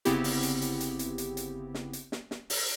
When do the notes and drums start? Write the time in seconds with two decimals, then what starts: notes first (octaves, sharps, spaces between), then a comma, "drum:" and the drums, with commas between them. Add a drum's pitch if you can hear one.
0.05 G1 C#3 B3 C4 E4 G4, drum: hi-hat
0.24 drum: open hi-hat
0.43 drum: hi-hat
0.62 drum: hi-hat
0.80 drum: hi-hat
0.99 drum: hi-hat
1.18 drum: hi-hat
1.37 drum: hi-hat
1.75 drum: snare
1.93 drum: hi-hat
2.12 drum: snare
2.31 drum: snare
2.50 drum: open hi-hat